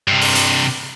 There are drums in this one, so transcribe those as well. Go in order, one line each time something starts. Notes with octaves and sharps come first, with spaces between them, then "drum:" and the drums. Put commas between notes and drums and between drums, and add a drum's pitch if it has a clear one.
G2 C3
drum: open hi-hat
drum: hi-hat